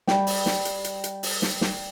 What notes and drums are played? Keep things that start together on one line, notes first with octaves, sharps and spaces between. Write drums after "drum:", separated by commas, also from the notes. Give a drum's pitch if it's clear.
G3 G5, drum: snare
drum: open hi-hat
drum: snare
drum: hi-hat
drum: hi-hat
drum: hi-hat
drum: open hi-hat
drum: snare
drum: snare